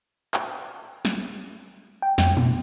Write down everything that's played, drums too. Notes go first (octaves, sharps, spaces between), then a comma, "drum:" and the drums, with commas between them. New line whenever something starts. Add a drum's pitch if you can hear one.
drum: clap
drum: snare
G5
F2, drum: snare
B2, drum: tom